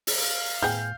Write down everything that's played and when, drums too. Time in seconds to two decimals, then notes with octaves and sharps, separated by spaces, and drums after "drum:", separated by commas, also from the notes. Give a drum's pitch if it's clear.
0.07 drum: open hi-hat
0.17 F5
0.63 A2 B3 G#4 G5 G6